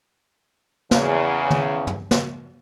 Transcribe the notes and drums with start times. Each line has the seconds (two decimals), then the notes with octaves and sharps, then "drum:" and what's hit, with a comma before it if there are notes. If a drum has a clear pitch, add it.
0.91 E2 C#3, drum: snare
1.50 drum: tom D#3
1.87 drum: tom
2.11 drum: snare